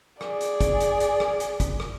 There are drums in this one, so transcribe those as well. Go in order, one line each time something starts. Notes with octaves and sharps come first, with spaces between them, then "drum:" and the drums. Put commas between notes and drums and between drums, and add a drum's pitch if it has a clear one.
G#4 D5, drum: rim click
drum: hi-hat
drum: kick, hi-hat
drum: hi-hat
drum: hi-hat
drum: rim click
drum: hi-hat
drum: kick, hi-hat
drum: rim click